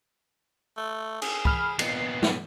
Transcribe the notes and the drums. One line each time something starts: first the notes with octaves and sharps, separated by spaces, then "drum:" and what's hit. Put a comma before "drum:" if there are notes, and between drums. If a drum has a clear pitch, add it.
A3
G#4, drum: cymbal
B5 F6, drum: kick
A#2 D#3 B3 C7, drum: cymbal
drum: snare